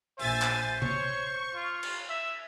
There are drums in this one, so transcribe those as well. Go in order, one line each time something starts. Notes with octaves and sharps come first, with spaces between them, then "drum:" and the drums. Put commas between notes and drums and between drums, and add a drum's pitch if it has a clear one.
A#1 C5 E5 G#5 A6, drum: open hi-hat
drum: clap
C#5 C#6, drum: tom C3
F4
drum: cymbal
E5